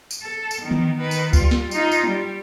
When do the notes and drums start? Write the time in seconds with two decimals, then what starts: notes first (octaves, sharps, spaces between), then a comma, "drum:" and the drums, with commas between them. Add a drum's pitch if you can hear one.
0.11 drum: tambourine
0.23 A4
0.51 drum: tambourine
0.62 D#3 B3
0.71 drum: tom D#3
0.98 D#3 B4
1.11 drum: tambourine
1.33 G3 F4, drum: kick C#2, tambourine
1.51 drum: snare
1.71 D#4 F4, drum: tambourine
1.91 drum: tambourine
2.07 G3